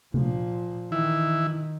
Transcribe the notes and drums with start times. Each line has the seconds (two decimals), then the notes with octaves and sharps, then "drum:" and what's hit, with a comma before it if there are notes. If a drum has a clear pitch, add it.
0.14 A#2 F3, drum: tom C3
0.92 D#3 E3 E4